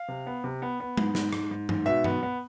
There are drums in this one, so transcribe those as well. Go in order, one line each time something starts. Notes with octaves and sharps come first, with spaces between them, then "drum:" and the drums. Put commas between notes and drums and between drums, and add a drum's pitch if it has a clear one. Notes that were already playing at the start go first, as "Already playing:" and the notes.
Already playing: F5
C3
B3
C3
B3
B3
G#2, drum: tom G#3
G#2, drum: snare
G#2, drum: rim click
G#2
G#2, drum: tom G2
B2 E5
B3, drum: tom G2
B3